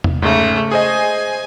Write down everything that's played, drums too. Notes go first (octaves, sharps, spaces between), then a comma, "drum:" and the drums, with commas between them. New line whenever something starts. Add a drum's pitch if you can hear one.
drum: tom
G#2 C#3 A3
G#4 C5 D#5 G#5